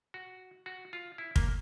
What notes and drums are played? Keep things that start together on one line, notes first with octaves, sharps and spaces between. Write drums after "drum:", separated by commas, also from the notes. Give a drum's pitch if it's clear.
F#4
F#4
F4
E4
A#3, drum: kick